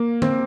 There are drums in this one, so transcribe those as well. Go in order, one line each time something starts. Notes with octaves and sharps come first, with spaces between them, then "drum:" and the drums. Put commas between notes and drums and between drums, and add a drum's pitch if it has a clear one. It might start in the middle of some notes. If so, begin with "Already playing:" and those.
Already playing: A#3
C4, drum: tom D3